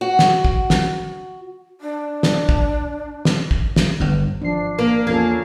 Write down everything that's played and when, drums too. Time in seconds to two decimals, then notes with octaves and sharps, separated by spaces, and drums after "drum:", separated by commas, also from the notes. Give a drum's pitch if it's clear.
0.01 F#4
0.19 drum: snare
0.45 drum: kick
0.70 drum: snare
1.81 D4
2.23 drum: snare
2.49 drum: kick
3.25 drum: snare
3.51 drum: kick
3.76 drum: snare
4.00 G1 G2
4.41 G#1 F3 D4 C7
4.79 A#3
5.07 E2 F3 A#3 C#4 A4 G#6 C7